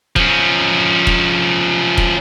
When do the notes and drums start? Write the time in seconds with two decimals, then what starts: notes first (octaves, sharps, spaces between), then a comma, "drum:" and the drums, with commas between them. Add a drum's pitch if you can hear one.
0.16 F3 C#4, drum: kick
1.07 drum: kick
1.98 drum: kick